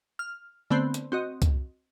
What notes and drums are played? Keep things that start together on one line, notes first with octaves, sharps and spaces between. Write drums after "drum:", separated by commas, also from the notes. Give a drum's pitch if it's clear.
F6
D3 A3 B3 C4 C5
drum: hi-hat
C4 F#4 D#5
drum: kick, hi-hat